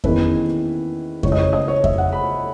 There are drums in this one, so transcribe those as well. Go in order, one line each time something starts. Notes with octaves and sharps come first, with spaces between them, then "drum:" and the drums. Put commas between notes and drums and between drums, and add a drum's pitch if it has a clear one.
E2 D#3 A#3 C#4 E4 B4, drum: kick F2
C#2 C#3 E3 G#3 C#5, drum: kick F2
D#5
C#5
D#5
C#5
E5, drum: kick F2
F#5
B5